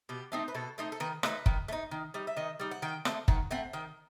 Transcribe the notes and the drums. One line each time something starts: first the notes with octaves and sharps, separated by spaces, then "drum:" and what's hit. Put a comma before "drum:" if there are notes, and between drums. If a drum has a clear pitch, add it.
B2 G4
A3 C4 D#4
B4
B2 A4
A3 C4 D#4
A4
D#3 B4
A3 D#4 B4, drum: rim click
D#3, drum: kick F#1
A3
D#4
D#3
G3 D#4
E5
D#3 D#5
G3 D#4
F#5
D#3 G5
A3 C4, drum: rim click
D#3 F#5, drum: kick F#1
A3 C4 F#5
D#3 G5